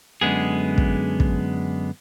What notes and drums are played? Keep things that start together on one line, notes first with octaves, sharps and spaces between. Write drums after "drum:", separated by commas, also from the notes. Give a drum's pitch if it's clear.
F#2 D3 G#3 B3 G#4
drum: kick
drum: kick